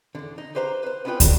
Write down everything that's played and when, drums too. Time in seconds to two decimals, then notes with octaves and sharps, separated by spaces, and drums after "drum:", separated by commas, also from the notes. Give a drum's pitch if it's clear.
0.15 E2 D3
0.38 D#4
0.55 G4 B4 C5 F5 A#5
0.83 B4 C5
1.05 B3 C#4 D4 F4 B4 G5
1.20 C3 F#3 G#3 D4 F4, drum: kick, hi-hat